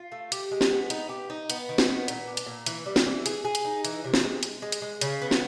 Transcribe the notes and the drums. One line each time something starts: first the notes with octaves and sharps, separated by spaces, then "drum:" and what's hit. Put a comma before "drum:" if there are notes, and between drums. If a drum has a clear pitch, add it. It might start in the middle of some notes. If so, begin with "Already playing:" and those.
Already playing: F4
A3
G4, drum: hi-hat
G#3
drum: snare
B3
D#4, drum: hi-hat
G4
D#4
B3, drum: hi-hat
D#3
drum: snare
B3
A#2, drum: hi-hat
D4
drum: hi-hat
A#2
E3, drum: hi-hat
G3
drum: snare
E3
G#4, drum: hi-hat
G#4
drum: hi-hat
D#4
E3, drum: hi-hat
C3
drum: snare
G#3
G#3, drum: hi-hat
G#3
drum: hi-hat
G#3
C#3, drum: hi-hat
B3
drum: snare